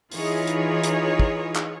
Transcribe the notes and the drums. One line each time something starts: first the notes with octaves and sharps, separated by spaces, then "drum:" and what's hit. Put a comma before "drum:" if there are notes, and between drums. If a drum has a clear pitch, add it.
E3 D#4 F4 G#4 C#5, drum: open hi-hat
drum: hi-hat
drum: hi-hat
drum: kick
drum: clap